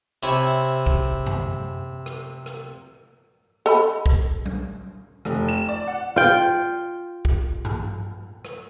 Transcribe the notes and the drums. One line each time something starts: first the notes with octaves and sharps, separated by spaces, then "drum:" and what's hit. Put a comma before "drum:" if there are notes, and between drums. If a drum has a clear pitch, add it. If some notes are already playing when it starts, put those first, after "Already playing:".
C3 E4 C#5 G#5
drum: kick
drum: tom F#2
drum: rim click
drum: rim click
A4 D#5 B5
drum: kick
drum: tom F#3
F1, drum: rim click
E7
D5
F#5
F4 G5
drum: kick
drum: tom G2
drum: rim click